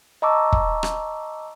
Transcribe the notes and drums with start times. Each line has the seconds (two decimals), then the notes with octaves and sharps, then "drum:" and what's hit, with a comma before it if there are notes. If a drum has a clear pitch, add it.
0.22 D#5 A5 A#5 C#6 D6 E6
0.52 drum: kick
0.83 drum: rim click